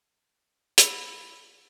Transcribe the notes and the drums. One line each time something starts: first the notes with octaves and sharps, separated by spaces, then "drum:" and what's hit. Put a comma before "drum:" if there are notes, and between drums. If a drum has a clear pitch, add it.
B5 E6 A#6, drum: hi-hat